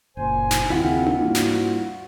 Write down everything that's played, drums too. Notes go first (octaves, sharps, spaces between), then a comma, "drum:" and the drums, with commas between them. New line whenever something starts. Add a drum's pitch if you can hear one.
F#1 A#2 C5 G#5
drum: snare
D#2 C#3 E3 C4 E4 F4 F#5
drum: tom D4
G#2 G3 A#3 F#4
drum: snare